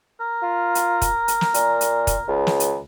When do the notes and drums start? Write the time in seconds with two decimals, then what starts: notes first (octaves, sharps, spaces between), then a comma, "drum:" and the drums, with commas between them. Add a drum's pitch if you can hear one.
0.20 A#4
0.43 F4
0.75 drum: hi-hat
1.02 drum: kick, hi-hat
1.28 drum: hi-hat
1.41 drum: snare
1.54 A#2, drum: hi-hat
1.81 drum: hi-hat
2.07 drum: kick, hi-hat
2.28 C#2
2.47 drum: snare
2.60 drum: hi-hat